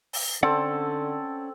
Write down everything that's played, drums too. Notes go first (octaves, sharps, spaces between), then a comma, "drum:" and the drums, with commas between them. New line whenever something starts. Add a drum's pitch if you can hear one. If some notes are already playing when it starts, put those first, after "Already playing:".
drum: open hi-hat
D3 C4 C#4 A4 D5 F#5